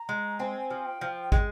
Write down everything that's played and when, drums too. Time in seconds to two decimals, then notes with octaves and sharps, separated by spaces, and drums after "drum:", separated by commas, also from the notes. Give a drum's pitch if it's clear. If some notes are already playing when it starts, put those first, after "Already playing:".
Already playing: A#5
0.09 G#3
0.39 C4 G#5
0.70 F3
0.85 G5
1.01 F3
1.32 G#3 G5, drum: kick